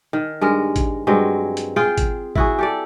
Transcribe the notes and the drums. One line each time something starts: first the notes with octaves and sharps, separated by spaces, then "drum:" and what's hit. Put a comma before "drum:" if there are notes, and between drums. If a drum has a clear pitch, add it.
D#3
G2 G#3 A#4
drum: kick, hi-hat
G2 F#3 G#3 C4
drum: hi-hat
F4 G#4 G5
drum: kick, hi-hat
E4 F#4 G#4, drum: kick
G4 A4 D5